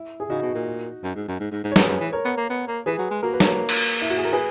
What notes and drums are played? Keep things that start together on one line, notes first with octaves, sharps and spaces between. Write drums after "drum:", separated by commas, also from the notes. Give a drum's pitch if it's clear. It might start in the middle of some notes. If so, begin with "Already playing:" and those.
Already playing: E4
G#4
C#3 D#4 F#4
B2
A#2
F#2
G#2
F#2
G#2
G#2
G#2
C#5
F#2 G#4 B4, drum: snare
F#2
E3
A#4 C#5
B3
A#3
B3
A#3
E3 G#4 B4
F#3
G#3
A#3 F#4 A#4
B4
A#4 C#5, drum: snare
drum: cymbal
E4
F#4
G#4
A#4
G#4 B4